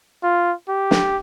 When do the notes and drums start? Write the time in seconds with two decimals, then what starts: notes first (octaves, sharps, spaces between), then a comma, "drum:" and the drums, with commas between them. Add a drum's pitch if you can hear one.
0.23 F4
0.69 G4
0.91 drum: snare